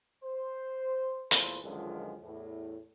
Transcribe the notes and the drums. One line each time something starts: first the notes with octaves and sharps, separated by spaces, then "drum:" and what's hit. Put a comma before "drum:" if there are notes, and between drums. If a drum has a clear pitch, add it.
C5
E2 A#2 A3 A4 B4 C5, drum: hi-hat
C#2 F#2 D3 D#3 F3 G#3
E2 A2